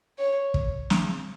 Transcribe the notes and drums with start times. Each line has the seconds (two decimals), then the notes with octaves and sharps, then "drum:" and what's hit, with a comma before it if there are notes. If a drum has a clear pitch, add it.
0.18 C#5
0.54 drum: kick
0.90 drum: snare